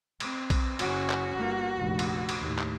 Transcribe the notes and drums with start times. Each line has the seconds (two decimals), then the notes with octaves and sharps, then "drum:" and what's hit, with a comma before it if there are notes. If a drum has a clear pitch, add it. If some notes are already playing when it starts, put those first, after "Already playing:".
0.20 C4, drum: cymbal
0.50 drum: kick B1, cymbal
0.79 F#1 C#4 F#4, drum: cymbal
1.10 drum: clap
1.35 G1 A#3
1.76 F1 A#1
1.99 drum: cymbal
2.29 drum: cymbal
2.39 D#2 A2
2.58 drum: clap